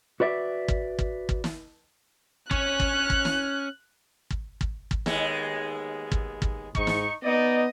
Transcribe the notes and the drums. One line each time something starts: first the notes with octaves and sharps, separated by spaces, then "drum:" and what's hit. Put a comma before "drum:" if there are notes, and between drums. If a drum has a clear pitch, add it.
F#4 B4 D5 E5
drum: kick
drum: kick
drum: kick
drum: snare
C#4 C#5 F#6, drum: kick
drum: kick
drum: kick
drum: snare
drum: kick
drum: kick
drum: kick
D#2 G#3 B3, drum: snare
drum: kick
drum: kick
G#2 D#4 C#6, drum: kick
drum: snare
B3 D#4 D5 D#5